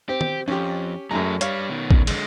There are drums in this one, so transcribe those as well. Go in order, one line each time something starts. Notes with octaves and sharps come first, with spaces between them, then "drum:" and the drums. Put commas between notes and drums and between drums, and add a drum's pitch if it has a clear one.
C4 G4
drum: tom
F2 C#4 G4
F#2 F#3 A3 G#4 A#5
G2 G3 C#5 F5, drum: hi-hat
B2 D#3
drum: kick A1
D3 G#3, drum: cymbal